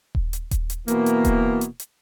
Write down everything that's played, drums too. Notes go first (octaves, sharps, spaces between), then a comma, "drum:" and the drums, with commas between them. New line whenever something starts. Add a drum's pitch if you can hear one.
drum: kick D#1
drum: hi-hat
drum: kick D#1, hi-hat
drum: hi-hat
B2 E3 A#3, drum: hi-hat
drum: hi-hat
drum: kick D#1, hi-hat
drum: hi-hat
drum: hi-hat